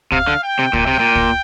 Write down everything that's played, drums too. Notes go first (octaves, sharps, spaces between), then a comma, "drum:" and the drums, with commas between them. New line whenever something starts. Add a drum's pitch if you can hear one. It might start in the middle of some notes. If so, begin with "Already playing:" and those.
C3 F5, drum: kick
D3
G5
C3
A#2 G5, drum: kick
C3
A#2
drum: kick